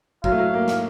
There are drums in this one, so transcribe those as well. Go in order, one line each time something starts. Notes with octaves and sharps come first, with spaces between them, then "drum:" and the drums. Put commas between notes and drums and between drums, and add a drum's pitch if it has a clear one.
F#3 F5, drum: kick
A3
F#3
A#3
drum: snare